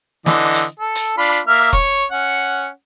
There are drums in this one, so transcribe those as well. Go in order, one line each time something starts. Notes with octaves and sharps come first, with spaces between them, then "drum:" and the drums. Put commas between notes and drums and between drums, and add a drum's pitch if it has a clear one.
D3 E3 D#5, drum: snare
drum: hi-hat
A4
drum: hi-hat
D4 F4 B5
A#3 E5 F6
C#5, drum: kick
C#4 F#5